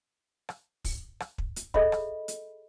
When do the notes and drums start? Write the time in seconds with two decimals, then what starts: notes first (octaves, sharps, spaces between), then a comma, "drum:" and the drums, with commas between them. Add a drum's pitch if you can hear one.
0.49 drum: rim click
0.85 drum: kick, open hi-hat
1.20 drum: rim click
1.38 drum: kick
1.56 drum: hi-hat
1.74 G#4 A4 C#5 D#5 E5 B5, drum: kick
1.92 drum: rim click
2.28 drum: hi-hat